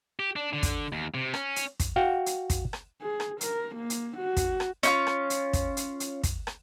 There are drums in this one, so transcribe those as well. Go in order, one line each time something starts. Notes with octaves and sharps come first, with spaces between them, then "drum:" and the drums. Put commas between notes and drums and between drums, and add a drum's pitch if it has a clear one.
G4
D4
D3
drum: kick, hi-hat
D#2
C3
C#4, drum: rim click
drum: hi-hat
drum: kick, hi-hat
F#4 F5 G5
drum: hi-hat
drum: kick, hi-hat
drum: rim click
G#4
drum: rim click
A#4, drum: hi-hat
A#3
drum: hi-hat
F#4
drum: kick, hi-hat
drum: rim click
C#4 E4 F4, drum: hi-hat
drum: rim click
drum: hi-hat
drum: kick, hi-hat
drum: hi-hat
drum: hi-hat
drum: kick, hi-hat
drum: rim click